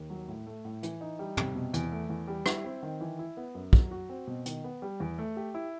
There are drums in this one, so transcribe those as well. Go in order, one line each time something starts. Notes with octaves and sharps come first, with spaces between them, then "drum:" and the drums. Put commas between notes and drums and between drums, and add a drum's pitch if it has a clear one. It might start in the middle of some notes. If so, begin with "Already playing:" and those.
Already playing: D#2
F#3
A2
A3
A2
E3, drum: hi-hat
D#4
G3
C3, drum: tom
B2
E2, drum: hi-hat
A3
E2
G3
E4, drum: rim click
C4
D#3
E3
E4
B3
F#2
F#3, drum: kick
F#4
C4
B2
D#3, drum: hi-hat
B3
G3
E2
A3
G4
E4